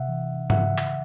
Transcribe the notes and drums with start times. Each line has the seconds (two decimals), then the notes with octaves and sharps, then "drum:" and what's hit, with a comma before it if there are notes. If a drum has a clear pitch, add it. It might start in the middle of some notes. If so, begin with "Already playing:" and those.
Already playing: C3 E5 F#5
0.09 E3
0.50 C#3 E5 F#5, drum: tom G#2
0.78 drum: clap